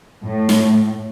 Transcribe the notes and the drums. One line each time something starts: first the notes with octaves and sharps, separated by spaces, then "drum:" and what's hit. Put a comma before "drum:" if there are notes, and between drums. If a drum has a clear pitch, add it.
A2
drum: snare